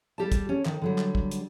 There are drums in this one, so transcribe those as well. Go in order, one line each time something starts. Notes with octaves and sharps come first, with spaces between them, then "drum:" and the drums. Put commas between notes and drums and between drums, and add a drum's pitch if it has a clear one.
G3 G4 A5
drum: kick, hi-hat
C#4
D#3, drum: clap
D3 F#3 G3
drum: clap
drum: kick
drum: hi-hat